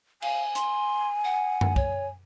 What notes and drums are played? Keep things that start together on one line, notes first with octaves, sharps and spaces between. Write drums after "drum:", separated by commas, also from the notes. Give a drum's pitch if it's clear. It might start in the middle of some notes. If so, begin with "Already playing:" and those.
F5 G#5, drum: cymbal
C6, drum: hi-hat
F#5
drum: tom F#2
C#5, drum: kick